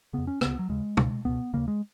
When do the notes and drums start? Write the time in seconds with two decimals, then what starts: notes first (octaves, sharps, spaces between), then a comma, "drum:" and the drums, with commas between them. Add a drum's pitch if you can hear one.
0.13 F2 C#3 B3
0.27 C#4
0.41 C#2 C#3 B3, drum: rim click
0.59 F#3
0.69 D#2 C#3 G#3
0.97 C#2 C#3, drum: tom
1.25 C#2 B2 B3
1.54 D#2 C#3 A#3
1.68 G#3